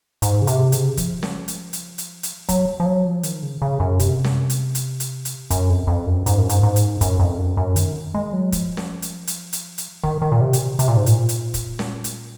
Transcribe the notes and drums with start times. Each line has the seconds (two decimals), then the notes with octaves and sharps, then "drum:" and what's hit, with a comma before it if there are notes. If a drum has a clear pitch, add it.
0.22 G#2, drum: hi-hat
0.42 C#3
0.47 C3, drum: hi-hat
0.72 C#3, drum: hi-hat
0.97 F3, drum: kick, hi-hat
1.23 drum: snare C#4
1.48 drum: hi-hat
1.73 drum: hi-hat
1.98 drum: hi-hat
2.23 drum: hi-hat
2.49 F#3, drum: kick, hi-hat
2.80 F3
2.86 F#3
3.05 F3
3.23 D#3, drum: hi-hat
3.43 C#3
3.62 C#3
3.80 F#2
4.00 C3, drum: kick, hi-hat
4.24 drum: snare C#4
4.50 drum: hi-hat
4.75 drum: hi-hat
5.00 drum: hi-hat
5.25 drum: hi-hat
5.50 F#2, drum: kick, hi-hat
5.70 F2
5.87 F2
6.06 F#2
6.26 G#2, drum: hi-hat
6.38 F#2
6.49 G#2, drum: hi-hat
6.63 G#2
6.76 drum: hi-hat
7.01 F#2, drum: kick, hi-hat
7.20 F2
7.38 F#2
7.57 F#2
7.76 D#3, drum: hi-hat
8.14 G#3
8.33 F#3
8.52 F3, drum: kick, hi-hat
8.77 drum: snare C#4
9.02 drum: hi-hat
9.27 drum: hi-hat
9.53 drum: hi-hat
9.78 drum: hi-hat
10.03 D#3, drum: kick
10.22 D#3
10.32 A#2
10.41 C3
10.53 drum: hi-hat
10.79 C3, drum: hi-hat
10.88 A#2
10.97 G#2
11.06 A#2, drum: hi-hat
11.29 drum: hi-hat
11.54 drum: kick, hi-hat
11.79 drum: snare C#4
12.04 drum: hi-hat